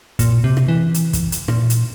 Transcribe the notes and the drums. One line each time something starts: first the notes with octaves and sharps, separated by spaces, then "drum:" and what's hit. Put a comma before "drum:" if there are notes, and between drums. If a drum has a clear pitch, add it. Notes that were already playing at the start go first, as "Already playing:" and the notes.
A#2, drum: kick, hi-hat
C3
drum: rim click
E3
drum: hi-hat
drum: kick, hi-hat
drum: hi-hat
A#2, drum: rim click
drum: hi-hat